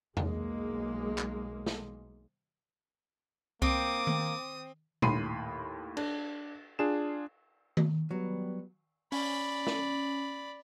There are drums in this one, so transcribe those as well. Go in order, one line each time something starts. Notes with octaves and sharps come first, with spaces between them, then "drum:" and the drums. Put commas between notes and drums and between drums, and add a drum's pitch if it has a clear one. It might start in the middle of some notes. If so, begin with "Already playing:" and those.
B1 G#3 A#3, drum: tom E2
drum: clap
drum: snare
A#3 C4 D6 D#6, drum: kick C2
drum: tom D#3
D#2 A2 B5 C6 C7 D#7, drum: tom A#2
D4, drum: cymbal
D4 F4 G#4 E7
drum: tom D#3
F#3 G3 B3
C#4 D5 B5, drum: open hi-hat
drum: snare